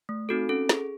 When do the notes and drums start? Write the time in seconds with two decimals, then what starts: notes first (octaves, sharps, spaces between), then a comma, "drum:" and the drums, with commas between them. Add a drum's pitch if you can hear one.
0.09 A3
0.29 C4 D#4 F#4 A4
0.49 C#4 A4
0.69 G#4, drum: snare